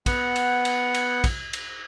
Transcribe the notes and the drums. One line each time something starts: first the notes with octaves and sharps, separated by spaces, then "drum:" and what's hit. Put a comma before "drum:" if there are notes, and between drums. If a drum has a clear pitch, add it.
B3 F#5, drum: kick, cymbal
drum: cymbal
drum: cymbal
drum: cymbal
drum: kick, cymbal
drum: cymbal